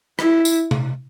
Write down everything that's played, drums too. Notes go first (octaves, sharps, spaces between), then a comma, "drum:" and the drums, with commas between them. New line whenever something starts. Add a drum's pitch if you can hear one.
E4, drum: rim click
drum: tambourine
drum: tom C3